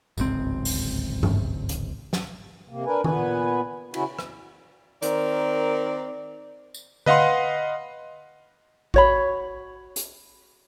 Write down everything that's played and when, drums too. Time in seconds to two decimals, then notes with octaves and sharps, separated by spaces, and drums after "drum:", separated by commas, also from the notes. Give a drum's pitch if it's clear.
0.18 D1 G#1 C#2 C4, drum: tambourine
0.65 drum: open hi-hat
1.23 drum: tom G2
1.69 drum: hi-hat
2.13 drum: snare
2.69 C3 A#3
2.86 D4 A#4 B4 G#5
3.04 A#2 B3 B4 G#5, drum: tom D#3
3.94 C#3 C#4 E4 F#4, drum: cymbal
4.19 drum: rim click
5.02 D#3 C4 A#4 D5, drum: hi-hat
6.74 drum: tambourine
7.06 B4 D#5 F5 F#5 C6, drum: tom D3
8.94 F#4 C#5 B5, drum: kick A1
9.96 drum: hi-hat